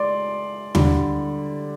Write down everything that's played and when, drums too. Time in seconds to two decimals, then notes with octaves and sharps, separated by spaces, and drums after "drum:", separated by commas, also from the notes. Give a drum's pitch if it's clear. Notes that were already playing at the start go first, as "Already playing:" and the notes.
Already playing: G#3 D5 C6
0.75 D3 G3, drum: tom D#2